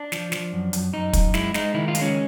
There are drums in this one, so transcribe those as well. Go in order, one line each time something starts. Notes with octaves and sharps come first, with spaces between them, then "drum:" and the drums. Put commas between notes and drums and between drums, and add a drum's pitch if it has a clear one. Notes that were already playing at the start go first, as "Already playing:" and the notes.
Already playing: D4
F3, drum: snare
F3, drum: snare
F#2
F#2, drum: hi-hat
F#2 D#4
F#2, drum: kick, hi-hat
G#3 E4, drum: snare
G#3 D#4, drum: snare
D#3 E4
F4
G#3, drum: hi-hat
C#4